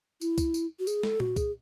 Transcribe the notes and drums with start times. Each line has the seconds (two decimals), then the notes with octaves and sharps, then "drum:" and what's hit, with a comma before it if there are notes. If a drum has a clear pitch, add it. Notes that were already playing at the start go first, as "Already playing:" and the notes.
0.21 E4, drum: tambourine
0.38 drum: kick, tambourine
0.54 drum: tambourine
0.79 F#4
0.87 G#4, drum: tambourine
1.03 A4, drum: snare
1.20 F#4, drum: tom A#2
1.36 G#4, drum: kick, tambourine